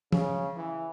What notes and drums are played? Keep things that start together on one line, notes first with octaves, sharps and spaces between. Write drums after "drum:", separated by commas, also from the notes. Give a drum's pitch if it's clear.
C#3, drum: tom
E3